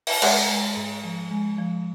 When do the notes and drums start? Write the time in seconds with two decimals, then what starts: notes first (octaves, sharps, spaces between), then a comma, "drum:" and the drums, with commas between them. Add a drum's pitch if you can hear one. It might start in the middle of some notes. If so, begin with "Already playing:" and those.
0.07 drum: open hi-hat
0.22 G#3 E5 F#5, drum: cymbal
0.49 G#3
0.76 G#2
1.04 F3
1.31 G#3
1.58 F3